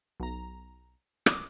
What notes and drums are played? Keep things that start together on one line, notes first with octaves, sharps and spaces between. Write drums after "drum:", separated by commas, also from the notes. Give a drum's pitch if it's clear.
B1 A#5
D6 D#6, drum: rim click